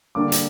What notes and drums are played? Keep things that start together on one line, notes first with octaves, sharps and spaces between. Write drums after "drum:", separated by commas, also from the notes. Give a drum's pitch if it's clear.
D3 G3 A#3 D4 D6
drum: hi-hat